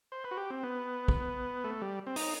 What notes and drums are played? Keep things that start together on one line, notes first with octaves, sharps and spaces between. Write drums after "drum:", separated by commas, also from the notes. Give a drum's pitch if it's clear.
C5
B4
F#4
G4
C4
B3
drum: kick
A3
G3
C4
D#4, drum: open hi-hat